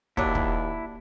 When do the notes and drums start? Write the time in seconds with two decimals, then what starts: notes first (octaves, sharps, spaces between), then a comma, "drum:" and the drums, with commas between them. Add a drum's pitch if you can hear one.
0.17 D#2 F#3 A#3 D4 E4 G4, drum: kick
0.35 drum: kick